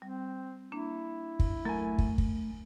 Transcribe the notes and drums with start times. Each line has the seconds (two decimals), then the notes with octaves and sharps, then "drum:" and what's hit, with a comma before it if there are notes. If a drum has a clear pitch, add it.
0.02 G3 C4
0.72 A#3 D4 E4
1.39 drum: kick
1.65 F#3 A3 A#4 G#5 A#5
1.98 drum: kick
2.18 drum: kick